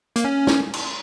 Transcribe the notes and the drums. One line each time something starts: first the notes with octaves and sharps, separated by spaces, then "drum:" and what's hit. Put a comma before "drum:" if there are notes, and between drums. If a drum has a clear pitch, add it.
A#3, drum: hi-hat
C#4
drum: snare
drum: cymbal